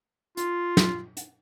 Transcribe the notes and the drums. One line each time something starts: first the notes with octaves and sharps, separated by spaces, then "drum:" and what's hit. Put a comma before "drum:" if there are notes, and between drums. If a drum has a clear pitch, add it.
F4, drum: hi-hat
drum: snare
drum: hi-hat